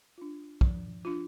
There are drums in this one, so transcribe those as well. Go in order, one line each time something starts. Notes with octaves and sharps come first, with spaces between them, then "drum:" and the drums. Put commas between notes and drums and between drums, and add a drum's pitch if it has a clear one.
D4 F4
F3, drum: kick
D4 F4